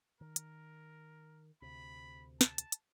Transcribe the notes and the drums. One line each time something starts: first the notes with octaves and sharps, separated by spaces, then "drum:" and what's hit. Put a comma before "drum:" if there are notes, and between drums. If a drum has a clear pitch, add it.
D#3 A#4
drum: hi-hat
D2 C3 B5
A5, drum: snare
drum: hi-hat
drum: hi-hat